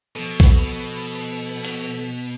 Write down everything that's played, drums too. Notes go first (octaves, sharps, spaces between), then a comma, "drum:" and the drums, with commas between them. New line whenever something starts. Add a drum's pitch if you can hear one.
B2 F3 A4
drum: kick B1
drum: hi-hat